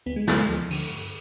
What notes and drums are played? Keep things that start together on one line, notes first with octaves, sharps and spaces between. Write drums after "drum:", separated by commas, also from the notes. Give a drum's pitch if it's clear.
D2 B3
G#3
D3 B3, drum: snare
G#3
D2 F3
D3, drum: open hi-hat
G2